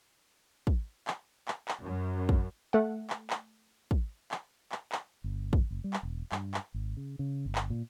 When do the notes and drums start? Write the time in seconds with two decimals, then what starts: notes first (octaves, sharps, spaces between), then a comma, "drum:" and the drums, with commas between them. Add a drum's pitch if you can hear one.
0.67 drum: kick
1.07 drum: clap
1.48 drum: clap
1.68 drum: clap
1.82 F#2
2.29 drum: kick
2.73 A3 F#5
3.10 drum: clap
3.30 drum: clap
3.91 drum: kick
4.31 drum: clap
4.72 drum: clap
4.92 drum: clap
5.24 G1
5.53 drum: kick
5.71 F#1
5.84 G3
5.93 drum: clap
6.03 E1
6.32 G2, drum: clap
6.54 drum: clap
6.74 G#1
6.97 C#3
7.19 C#3
7.46 G1
7.55 drum: clap
7.70 A#2